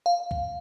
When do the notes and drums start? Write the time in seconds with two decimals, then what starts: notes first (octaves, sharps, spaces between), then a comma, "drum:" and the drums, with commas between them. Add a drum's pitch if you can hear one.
0.06 F5
0.31 drum: kick